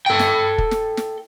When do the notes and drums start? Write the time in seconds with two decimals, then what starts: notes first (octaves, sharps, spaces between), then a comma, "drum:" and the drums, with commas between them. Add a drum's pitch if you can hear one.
0.06 A4 G5
0.19 drum: snare
0.58 drum: kick
0.71 drum: snare
0.97 drum: snare